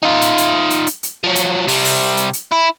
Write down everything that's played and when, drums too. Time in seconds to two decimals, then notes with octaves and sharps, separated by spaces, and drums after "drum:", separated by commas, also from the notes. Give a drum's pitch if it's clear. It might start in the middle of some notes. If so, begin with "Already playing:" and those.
0.03 D#4 F4
0.21 drum: hi-hat
0.38 drum: hi-hat
0.70 drum: hi-hat
0.87 drum: hi-hat
1.03 drum: hi-hat
1.24 F3 F#3
1.36 drum: hi-hat
1.68 C3 G3, drum: open hi-hat
1.84 drum: open hi-hat
2.17 drum: hi-hat
2.33 drum: hi-hat
2.52 E4